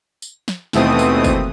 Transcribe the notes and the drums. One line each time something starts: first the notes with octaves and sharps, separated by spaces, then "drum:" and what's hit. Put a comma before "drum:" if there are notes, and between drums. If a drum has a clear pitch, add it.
drum: tambourine
drum: snare
D#2 B2 E3 A3 C4 D#6, drum: snare
drum: tambourine
drum: kick, tambourine